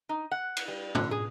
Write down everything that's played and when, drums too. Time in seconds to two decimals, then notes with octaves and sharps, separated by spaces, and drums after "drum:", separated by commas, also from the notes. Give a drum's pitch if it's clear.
0.09 D#4
0.31 F#5
0.56 drum: cymbal
0.68 G3
0.95 D3, drum: tom
1.11 G#4